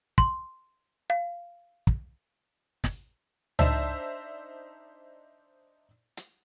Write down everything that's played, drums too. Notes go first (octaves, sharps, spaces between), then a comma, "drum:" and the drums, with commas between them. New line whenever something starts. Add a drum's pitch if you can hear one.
C6, drum: kick
F5
drum: kick
drum: snare
D4 D#4 C5 E5 A5, drum: tom C#2
drum: hi-hat